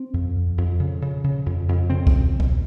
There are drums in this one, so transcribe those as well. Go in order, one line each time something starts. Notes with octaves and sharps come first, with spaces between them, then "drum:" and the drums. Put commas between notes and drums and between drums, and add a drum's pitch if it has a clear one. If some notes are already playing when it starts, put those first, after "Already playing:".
Already playing: C4
F2
F2
F2
C#3
C#3
C#3
F2
F2
C#3 C4
drum: kick C2
drum: kick C2